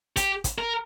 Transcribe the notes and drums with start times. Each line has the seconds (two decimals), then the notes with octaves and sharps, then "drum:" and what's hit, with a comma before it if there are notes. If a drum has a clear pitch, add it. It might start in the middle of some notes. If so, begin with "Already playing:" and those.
0.16 G4, drum: kick, hi-hat
0.44 drum: kick, hi-hat
0.58 A#4